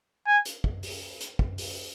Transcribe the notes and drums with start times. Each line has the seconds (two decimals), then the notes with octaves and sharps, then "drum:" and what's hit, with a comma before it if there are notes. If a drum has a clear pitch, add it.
0.27 G#5
0.45 drum: hi-hat
0.64 drum: kick
0.83 drum: open hi-hat
1.20 drum: hi-hat
1.39 drum: kick
1.58 drum: open hi-hat